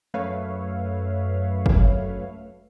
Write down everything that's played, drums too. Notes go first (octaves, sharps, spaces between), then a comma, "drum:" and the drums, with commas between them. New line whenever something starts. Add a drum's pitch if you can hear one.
F#2 A3 B4 C#5 E5 F5
drum: kick G1